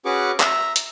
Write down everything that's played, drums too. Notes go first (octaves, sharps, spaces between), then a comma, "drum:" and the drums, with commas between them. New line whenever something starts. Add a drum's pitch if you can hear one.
C#4 F#4 G#4 B4 C#6 D6
E5 A#5, drum: clap
drum: hi-hat